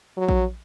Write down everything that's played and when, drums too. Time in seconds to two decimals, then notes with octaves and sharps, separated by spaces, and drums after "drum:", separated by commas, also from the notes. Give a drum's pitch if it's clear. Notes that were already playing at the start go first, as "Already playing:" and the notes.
0.17 F#3
0.29 drum: kick A#1